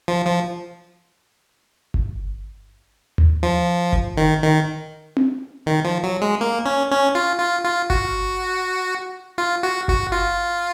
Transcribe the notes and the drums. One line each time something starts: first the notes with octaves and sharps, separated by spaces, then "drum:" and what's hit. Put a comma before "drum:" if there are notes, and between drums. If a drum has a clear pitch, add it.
F3
F3
drum: kick G1
drum: tom D#2
F3
drum: kick G1
D#3
D#3
drum: tom C4
D#3
F3
F#3
G#3
A#3
C#4
C#4
F4
F4
F4
F#4, drum: kick G1
F4
F#4
F#4, drum: kick G1
F4